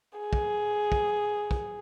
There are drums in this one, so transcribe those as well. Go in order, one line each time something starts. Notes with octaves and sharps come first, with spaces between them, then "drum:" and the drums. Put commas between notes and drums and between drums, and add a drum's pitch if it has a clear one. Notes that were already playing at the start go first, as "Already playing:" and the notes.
G#4
drum: kick
drum: kick
drum: kick